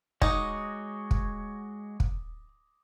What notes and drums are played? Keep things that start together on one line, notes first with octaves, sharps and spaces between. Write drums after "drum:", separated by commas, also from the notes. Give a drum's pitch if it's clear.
G#3 D#4 F#4 C#5 D6 D#6 A#6, drum: kick
drum: kick
drum: kick